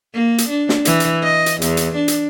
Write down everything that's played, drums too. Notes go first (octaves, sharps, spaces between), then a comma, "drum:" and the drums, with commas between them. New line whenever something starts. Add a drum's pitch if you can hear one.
A#3
drum: hi-hat
D4
drum: snare
E3, drum: hi-hat
drum: hi-hat
D#5
drum: hi-hat
E2, drum: hi-hat
drum: hi-hat
D4
drum: hi-hat